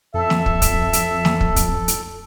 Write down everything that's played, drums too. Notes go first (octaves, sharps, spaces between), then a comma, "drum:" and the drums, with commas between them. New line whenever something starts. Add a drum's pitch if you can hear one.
F2 A4 E5
drum: snare
drum: kick
drum: kick, hi-hat
drum: hi-hat
drum: snare
drum: kick
drum: kick, hi-hat
drum: hi-hat